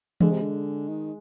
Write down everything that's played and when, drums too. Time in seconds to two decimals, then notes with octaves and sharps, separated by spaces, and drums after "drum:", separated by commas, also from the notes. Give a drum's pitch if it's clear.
0.21 D3 G#3, drum: tom E3
0.31 C3
0.41 D3
0.88 D#3